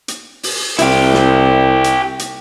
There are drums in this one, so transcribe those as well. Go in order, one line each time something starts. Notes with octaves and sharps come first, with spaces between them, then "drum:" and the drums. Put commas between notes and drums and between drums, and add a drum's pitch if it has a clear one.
drum: hi-hat
drum: open hi-hat
C2 E4 G4, drum: hi-hat
drum: snare
drum: hi-hat
drum: hi-hat